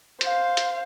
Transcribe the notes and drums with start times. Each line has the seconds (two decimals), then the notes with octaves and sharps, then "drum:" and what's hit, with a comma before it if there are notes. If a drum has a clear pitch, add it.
0.21 C5 F5, drum: hi-hat
0.57 drum: hi-hat